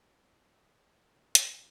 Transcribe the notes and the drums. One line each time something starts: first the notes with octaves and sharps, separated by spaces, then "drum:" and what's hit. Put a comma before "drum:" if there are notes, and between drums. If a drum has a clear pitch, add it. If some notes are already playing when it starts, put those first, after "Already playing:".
Already playing: F#3
E3
F#3
A3
B3
A3
G3
F#3, drum: hi-hat